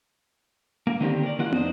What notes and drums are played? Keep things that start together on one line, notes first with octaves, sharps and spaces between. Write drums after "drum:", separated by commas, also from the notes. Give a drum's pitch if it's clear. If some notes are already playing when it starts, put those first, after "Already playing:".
A#3
D3 D#3 A#3 C4 D4 G4
A#4 D5
E3 A#3 F4 F#5
F2 D4 D#4 C5 D#5, drum: tom